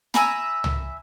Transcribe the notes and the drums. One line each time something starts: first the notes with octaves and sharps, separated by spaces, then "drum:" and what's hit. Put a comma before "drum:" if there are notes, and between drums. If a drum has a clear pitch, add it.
E5 G#5 A#5 B5, drum: snare
drum: tom